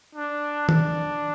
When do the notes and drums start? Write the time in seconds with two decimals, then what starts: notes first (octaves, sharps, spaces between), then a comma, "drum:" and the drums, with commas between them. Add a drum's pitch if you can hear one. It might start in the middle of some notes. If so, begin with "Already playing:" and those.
0.15 D4
0.69 D4, drum: tom D#3